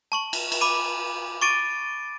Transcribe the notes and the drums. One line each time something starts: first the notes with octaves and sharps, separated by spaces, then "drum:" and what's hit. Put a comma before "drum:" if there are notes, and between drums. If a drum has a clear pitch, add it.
A5 C#6 F#7
drum: cymbal
drum: cymbal
B5 D6 D#7
C#6 D6 A6 D7 D#7